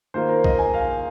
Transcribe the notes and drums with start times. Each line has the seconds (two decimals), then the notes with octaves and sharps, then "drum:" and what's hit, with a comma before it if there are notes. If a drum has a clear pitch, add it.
0.14 D#3 A#3 F4 C5
0.29 A#4
0.44 D#5, drum: kick B1
0.59 G#5
0.74 F5